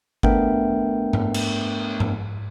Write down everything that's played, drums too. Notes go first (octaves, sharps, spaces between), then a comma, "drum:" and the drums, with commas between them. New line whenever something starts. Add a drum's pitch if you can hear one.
A3 B3 D4 A#4 E5 G5, drum: kick G1
drum: tom G#2
drum: cymbal
drum: tom G#2